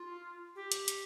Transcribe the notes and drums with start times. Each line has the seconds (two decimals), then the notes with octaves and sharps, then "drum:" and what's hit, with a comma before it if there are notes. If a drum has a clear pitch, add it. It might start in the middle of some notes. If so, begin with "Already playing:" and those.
Already playing: F4
0.56 G4
0.72 drum: hi-hat
0.88 drum: hi-hat